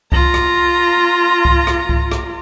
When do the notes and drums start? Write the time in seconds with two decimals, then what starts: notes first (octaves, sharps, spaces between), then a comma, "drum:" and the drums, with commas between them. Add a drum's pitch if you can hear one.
0.12 F4 A#5, drum: kick C2
0.34 drum: rim click
1.45 drum: kick C2
1.67 drum: rim click
1.89 drum: kick C2
2.12 drum: rim click